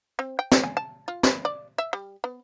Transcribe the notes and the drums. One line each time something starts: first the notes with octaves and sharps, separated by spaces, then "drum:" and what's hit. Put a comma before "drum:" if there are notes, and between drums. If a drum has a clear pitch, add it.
C4
G5
B3, drum: snare
G#5
A5
F4
B4, drum: snare
D5
E5
G3
B3